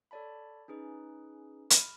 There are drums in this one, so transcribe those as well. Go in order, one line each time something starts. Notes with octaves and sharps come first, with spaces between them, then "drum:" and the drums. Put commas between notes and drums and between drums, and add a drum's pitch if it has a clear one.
A4 C#5 D5 A5 B5
C#4 D#4 G#4 B4
B5 F6, drum: hi-hat